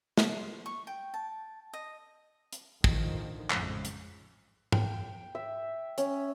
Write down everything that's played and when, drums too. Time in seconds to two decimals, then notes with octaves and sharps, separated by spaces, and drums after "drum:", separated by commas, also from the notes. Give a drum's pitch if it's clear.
0.18 C5, drum: snare
0.66 C#6
0.87 G5
1.14 A5
1.74 D#5
2.53 drum: hi-hat
2.84 A2 D3 D#3 F3, drum: kick
3.50 A1 F2 G#2 C#3 F3 G#3, drum: clap
3.85 drum: hi-hat
4.72 G5, drum: tom G#2
5.35 E5
5.98 C#4, drum: hi-hat